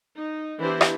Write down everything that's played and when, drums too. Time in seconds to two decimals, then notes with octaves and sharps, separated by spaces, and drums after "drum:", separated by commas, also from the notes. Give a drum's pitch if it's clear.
0.16 D#4
0.60 E3 B3 D4 E4 G4 C5
0.81 drum: rim click